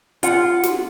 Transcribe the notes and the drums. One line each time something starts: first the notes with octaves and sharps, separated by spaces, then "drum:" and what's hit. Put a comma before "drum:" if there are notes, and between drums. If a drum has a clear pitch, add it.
F4 F#5, drum: hi-hat
drum: snare